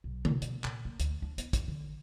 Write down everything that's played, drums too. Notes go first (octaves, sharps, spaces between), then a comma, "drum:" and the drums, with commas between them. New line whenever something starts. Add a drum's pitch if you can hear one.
B1
C3, drum: tom
B2, drum: hi-hat
A#2, drum: clap
A#3
D2, drum: hi-hat
D4
B3, drum: hi-hat
E2, drum: kick, hi-hat
D3